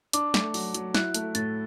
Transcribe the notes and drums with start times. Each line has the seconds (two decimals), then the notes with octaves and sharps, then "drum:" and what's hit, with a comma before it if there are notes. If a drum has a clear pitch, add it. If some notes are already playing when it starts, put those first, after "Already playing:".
0.13 D4 D6, drum: hi-hat
0.34 A3, drum: snare
0.54 F#3, drum: open hi-hat
0.74 F#3, drum: hi-hat
0.94 E4 F#6, drum: snare
1.14 A3, drum: hi-hat
1.35 A2 A6, drum: hi-hat